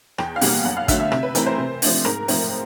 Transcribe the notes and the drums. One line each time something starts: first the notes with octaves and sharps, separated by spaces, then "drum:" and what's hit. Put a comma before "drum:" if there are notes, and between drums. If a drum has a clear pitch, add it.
E2 G5, drum: rim click
F5
B2 G3 A#3 F#5, drum: open hi-hat
F#2 F#5
F5
D3 F#3 A3 E5, drum: kick, hi-hat
E5
C3 E5, drum: rim click
B4
E3 A3 C4 E4 A#4, drum: hi-hat
C5
C3
F3 A3 D4, drum: open hi-hat
G#2 A#4, drum: rim click
F3 A3 C4, drum: open hi-hat